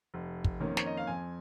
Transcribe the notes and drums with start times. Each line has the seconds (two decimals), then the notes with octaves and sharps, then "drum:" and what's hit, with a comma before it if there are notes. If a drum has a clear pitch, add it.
0.14 F1
0.44 drum: kick
0.60 F2 D#3 A#3 C#4
0.77 C#5, drum: snare
0.86 D#5
0.97 F5
1.07 F2 G#5